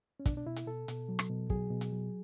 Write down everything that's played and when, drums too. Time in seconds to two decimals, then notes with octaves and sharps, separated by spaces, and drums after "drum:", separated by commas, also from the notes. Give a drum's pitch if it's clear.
0.20 C#4
0.26 B2 D4, drum: kick, hi-hat
0.37 D4
0.46 B2 E4
0.56 drum: hi-hat
0.67 B2 A4
0.88 B2, drum: hi-hat
1.09 F#3
1.19 drum: rim click
1.29 B2
1.50 F#3 G#4, drum: kick
1.70 B2
1.81 drum: hi-hat
1.92 F#3